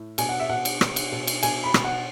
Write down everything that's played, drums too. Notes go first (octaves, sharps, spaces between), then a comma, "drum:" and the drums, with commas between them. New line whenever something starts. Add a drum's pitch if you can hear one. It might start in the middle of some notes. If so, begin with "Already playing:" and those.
Already playing: A2
B2 G#5, drum: cymbal
F#5
E5
B2 F#5
drum: cymbal
B2, drum: rim click
drum: cymbal
B2
drum: cymbal
B2 G#5, drum: cymbal
B5
B2, drum: rim click
F#5